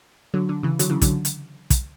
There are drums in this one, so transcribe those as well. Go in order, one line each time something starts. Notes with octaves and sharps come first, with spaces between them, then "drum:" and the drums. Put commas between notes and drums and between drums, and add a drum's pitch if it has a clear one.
D3 F#3
D3
C#3 E3
D3 F#3, drum: hi-hat
C#3 E3
D3 F#3, drum: kick, hi-hat
drum: hi-hat
drum: kick, hi-hat